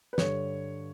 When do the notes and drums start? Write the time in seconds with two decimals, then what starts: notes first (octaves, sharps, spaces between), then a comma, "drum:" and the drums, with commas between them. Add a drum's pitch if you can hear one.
0.13 B4
0.18 G2 D3 G3 C#5, drum: snare